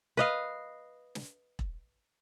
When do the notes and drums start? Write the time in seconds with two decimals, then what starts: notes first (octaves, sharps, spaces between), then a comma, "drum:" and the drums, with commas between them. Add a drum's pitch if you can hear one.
0.17 B4 D#5 F5
1.15 drum: snare
1.59 drum: kick E1